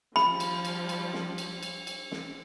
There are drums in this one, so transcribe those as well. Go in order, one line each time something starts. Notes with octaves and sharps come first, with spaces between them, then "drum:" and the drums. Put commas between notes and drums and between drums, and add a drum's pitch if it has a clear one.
F3 G3 B5, drum: snare
drum: cymbal
drum: cymbal
drum: cymbal
drum: snare
drum: cymbal
drum: cymbal
drum: cymbal
drum: snare